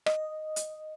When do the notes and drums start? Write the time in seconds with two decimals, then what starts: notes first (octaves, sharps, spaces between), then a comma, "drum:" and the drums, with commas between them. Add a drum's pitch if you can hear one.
0.06 D#5, drum: rim click
0.56 drum: hi-hat